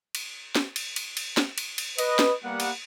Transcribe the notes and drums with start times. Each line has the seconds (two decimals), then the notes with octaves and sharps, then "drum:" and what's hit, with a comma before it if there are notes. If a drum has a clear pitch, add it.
0.15 drum: cymbal
0.55 drum: snare
0.76 drum: cymbal
0.96 drum: cymbal
1.17 drum: cymbal
1.37 drum: snare
1.58 drum: cymbal
1.78 drum: cymbal
1.98 B4 D#5, drum: cymbal
2.19 drum: snare
2.44 G3 A#3 B3 F#5
2.60 drum: cymbal